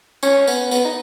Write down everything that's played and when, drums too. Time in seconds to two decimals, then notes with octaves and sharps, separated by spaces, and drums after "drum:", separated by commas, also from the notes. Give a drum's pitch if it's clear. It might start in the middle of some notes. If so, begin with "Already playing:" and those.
0.23 C#4, drum: tambourine
0.47 B3, drum: tambourine
0.71 B3, drum: tambourine
0.85 D#4